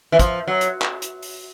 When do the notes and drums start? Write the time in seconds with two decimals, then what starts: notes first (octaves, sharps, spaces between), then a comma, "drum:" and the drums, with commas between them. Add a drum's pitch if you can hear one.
0.12 E3
0.19 F3, drum: kick, hi-hat
0.48 F#3
0.61 drum: hi-hat
0.82 drum: clap
1.02 drum: hi-hat
1.23 drum: open hi-hat